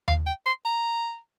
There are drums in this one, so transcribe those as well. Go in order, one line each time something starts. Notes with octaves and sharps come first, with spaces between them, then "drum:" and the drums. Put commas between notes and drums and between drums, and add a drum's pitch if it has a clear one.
F5, drum: tom D#2
G5
C6
A#5